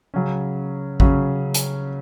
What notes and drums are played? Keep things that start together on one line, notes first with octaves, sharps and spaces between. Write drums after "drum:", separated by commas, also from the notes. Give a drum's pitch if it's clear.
C#3 F#3 C#4
C#3 F#3 C#4, drum: kick A1
drum: hi-hat